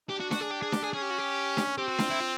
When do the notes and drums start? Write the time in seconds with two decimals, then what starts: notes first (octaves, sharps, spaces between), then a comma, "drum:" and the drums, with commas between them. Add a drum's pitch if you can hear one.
0.09 D4 G4
0.20 F#4
0.31 F#4, drum: snare D4
0.41 G#4
0.51 G4
0.62 G#4
0.72 G4, drum: snare D4
0.83 G#4
0.93 C#4 G#4
1.02 G4
1.10 F#4
1.18 G4
1.57 drum: snare D4
1.78 C4 G4
1.88 F#4
1.99 F4, drum: snare D4
2.10 E4
2.20 F4